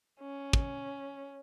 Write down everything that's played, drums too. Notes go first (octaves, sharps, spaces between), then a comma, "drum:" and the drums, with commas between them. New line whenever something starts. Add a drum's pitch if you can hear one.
C#4
drum: kick